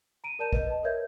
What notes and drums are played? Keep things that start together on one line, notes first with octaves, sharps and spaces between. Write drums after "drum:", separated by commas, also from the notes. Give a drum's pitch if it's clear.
A#5 D7 D#7
A#4 D5 A5 G6 D#7 E7
B4 D#5, drum: kick A1
D#5 A5
A#4 B4 C#5 E5 G6 G#6